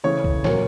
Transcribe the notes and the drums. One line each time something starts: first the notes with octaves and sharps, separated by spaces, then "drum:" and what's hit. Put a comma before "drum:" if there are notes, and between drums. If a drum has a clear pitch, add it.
C#3 E3 A3 C#5
drum: kick
A#2 F#3 A#3 C#5, drum: snare